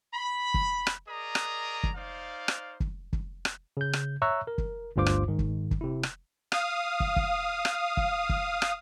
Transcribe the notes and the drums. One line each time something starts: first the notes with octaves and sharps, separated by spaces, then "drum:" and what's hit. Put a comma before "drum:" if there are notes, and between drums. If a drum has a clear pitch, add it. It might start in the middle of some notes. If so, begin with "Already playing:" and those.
B5
drum: kick
drum: rim click
G#4 A#4 D5 D#5 A#5 D#6
drum: rim click
drum: kick
D#4 C5 D5 F5
drum: rim click
drum: kick
drum: kick
drum: rim click
C#3 G6
drum: rim click
C#5 E5 A#5 C#6 E6 F#6
A#4
drum: kick
G1 D2 G2 F4 C5 D6
drum: rim click
G#2 D#3
drum: kick
drum: kick
C3 E4
drum: rim click
F5 D#6, drum: rim click
drum: kick
drum: kick
drum: rim click
drum: kick
drum: kick
drum: rim click